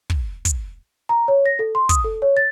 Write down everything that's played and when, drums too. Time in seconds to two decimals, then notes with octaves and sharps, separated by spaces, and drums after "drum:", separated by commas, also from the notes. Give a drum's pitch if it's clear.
0.10 drum: kick
0.45 drum: kick, hi-hat
1.09 A#5
1.28 C#5
1.46 A#6
1.59 A4
1.75 C6
1.89 D#6, drum: kick, hi-hat
2.04 A4
2.22 C#5
2.37 A6